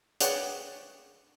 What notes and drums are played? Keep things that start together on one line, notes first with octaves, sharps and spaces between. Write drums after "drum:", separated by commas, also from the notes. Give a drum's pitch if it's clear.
G#4 B4 C#5 D5 F#5 G5, drum: hi-hat